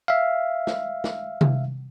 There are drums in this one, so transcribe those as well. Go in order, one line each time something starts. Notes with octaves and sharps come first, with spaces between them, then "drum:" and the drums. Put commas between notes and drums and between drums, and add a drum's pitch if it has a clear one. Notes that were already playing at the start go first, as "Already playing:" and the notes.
E5 F5
drum: snare
drum: snare
drum: tom C3